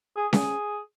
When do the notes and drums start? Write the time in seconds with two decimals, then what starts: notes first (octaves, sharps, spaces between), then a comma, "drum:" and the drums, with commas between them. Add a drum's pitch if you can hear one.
0.16 G#4
0.33 G#4, drum: snare C#4